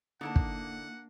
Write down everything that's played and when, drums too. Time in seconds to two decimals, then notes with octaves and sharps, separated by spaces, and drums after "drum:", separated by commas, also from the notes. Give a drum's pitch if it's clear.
0.21 D3 A#3 D#4 E4 F#5 A5
0.36 drum: kick